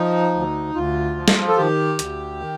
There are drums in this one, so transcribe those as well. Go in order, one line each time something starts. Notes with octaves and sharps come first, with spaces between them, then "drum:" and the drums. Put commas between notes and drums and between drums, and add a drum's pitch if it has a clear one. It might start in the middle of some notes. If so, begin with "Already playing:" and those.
Already playing: F3 D#4
D2
D2 F4
F3
drum: snare
A4
D#3 G4
D2, drum: hi-hat
D#3